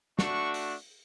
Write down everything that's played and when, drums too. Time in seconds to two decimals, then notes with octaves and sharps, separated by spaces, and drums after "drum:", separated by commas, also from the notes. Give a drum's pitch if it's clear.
0.19 A3 D4 F#4 C#6, drum: snare
0.54 drum: open hi-hat